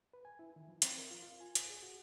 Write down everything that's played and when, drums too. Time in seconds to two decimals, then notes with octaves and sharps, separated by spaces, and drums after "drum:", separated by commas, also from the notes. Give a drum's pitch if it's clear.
0.14 B4
0.25 G#5
0.39 E4
0.56 D#3
0.68 F3
0.82 C4, drum: hi-hat
0.98 A#4
1.11 F4
1.23 F4
1.40 G#5
1.55 drum: hi-hat
1.70 G#4
1.83 F#4